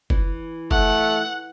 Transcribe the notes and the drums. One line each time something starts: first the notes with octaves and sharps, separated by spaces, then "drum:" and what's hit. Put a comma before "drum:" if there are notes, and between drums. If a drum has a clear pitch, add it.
E3, drum: kick F#1
A3 F#5, drum: kick F#1